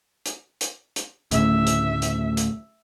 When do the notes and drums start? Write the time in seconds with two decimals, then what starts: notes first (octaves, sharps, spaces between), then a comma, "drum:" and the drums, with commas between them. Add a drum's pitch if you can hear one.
0.26 drum: hi-hat
0.61 drum: hi-hat
0.96 drum: hi-hat
1.31 D2 A2 C#3 E5, drum: hi-hat
1.67 drum: hi-hat
2.02 drum: hi-hat
2.37 drum: hi-hat